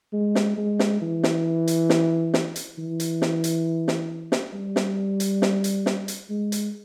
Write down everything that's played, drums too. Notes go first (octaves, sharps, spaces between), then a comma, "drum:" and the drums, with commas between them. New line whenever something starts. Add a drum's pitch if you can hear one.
G#3
drum: snare
G#3
drum: snare
E3
drum: snare
drum: hi-hat
drum: snare
drum: snare
drum: hi-hat
E3
drum: hi-hat
drum: snare
drum: hi-hat
drum: snare
drum: snare
G3
drum: snare
drum: hi-hat
drum: snare
drum: hi-hat
drum: snare
drum: hi-hat
G#3
drum: hi-hat